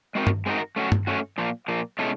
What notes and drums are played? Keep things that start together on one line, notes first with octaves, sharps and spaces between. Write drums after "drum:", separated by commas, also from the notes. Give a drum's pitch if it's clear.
G#3 C4 D#4 F#4 A#4
drum: tom G2
G#3 C4 D#4 F#4 A#4
A3 C#4 F#4
drum: tom G2
A3 C#4 F#4
A#2 F3 A#3
A#2 F3 A#3
B2 G#3 C#4 E4 A4